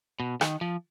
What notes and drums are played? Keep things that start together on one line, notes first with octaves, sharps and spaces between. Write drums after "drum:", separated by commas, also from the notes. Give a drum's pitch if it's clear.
B2
D#3, drum: rim click
F3